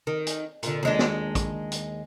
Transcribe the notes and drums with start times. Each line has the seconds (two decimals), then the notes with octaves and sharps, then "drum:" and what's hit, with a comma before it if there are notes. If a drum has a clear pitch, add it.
0.07 D#3
0.27 drum: hi-hat
0.63 A#2 D3, drum: hi-hat
0.83 D#2 G#3 D4
0.99 drum: snare
1.35 drum: kick, hi-hat
1.72 drum: hi-hat